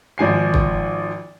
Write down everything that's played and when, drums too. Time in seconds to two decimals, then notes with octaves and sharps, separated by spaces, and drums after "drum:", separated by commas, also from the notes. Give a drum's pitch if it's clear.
0.18 G#1 F3 G#5 C7
0.54 drum: kick